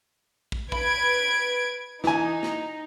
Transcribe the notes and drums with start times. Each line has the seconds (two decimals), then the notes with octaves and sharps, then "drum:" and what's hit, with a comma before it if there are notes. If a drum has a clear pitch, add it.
0.52 drum: kick
0.72 B4 B5 G#6 D7, drum: kick
2.04 E3 D#4 G#5, drum: snare
2.43 drum: snare